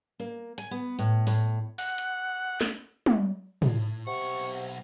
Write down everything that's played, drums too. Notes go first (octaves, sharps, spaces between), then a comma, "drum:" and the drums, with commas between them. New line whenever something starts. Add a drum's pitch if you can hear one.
A#3
G#5, drum: hi-hat
B3
A2
A2, drum: open hi-hat
F#5, drum: open hi-hat
drum: hi-hat
drum: snare
drum: tom
A2, drum: tom
B1 C3 F#5 C#6